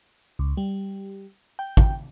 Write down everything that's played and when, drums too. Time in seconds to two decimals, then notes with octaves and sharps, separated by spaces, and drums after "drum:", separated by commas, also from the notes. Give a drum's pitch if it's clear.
0.39 C#2
0.57 G3
1.59 G5
1.77 drum: kick G#1